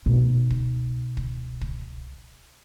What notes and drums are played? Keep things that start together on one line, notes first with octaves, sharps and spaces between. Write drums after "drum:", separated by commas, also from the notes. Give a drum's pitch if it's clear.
B2 D#4
drum: kick
drum: kick
drum: kick